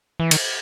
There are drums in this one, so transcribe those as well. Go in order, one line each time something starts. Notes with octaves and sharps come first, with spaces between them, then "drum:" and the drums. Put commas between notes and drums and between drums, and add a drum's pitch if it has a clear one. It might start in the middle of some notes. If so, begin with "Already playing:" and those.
E3
D#3, drum: cymbal